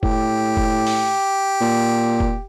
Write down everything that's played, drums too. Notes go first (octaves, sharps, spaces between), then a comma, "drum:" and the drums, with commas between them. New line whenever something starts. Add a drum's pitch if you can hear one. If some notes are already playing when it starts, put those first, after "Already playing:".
A2 G4, drum: kick F1
drum: kick F1
drum: open hi-hat
A#2
drum: kick F1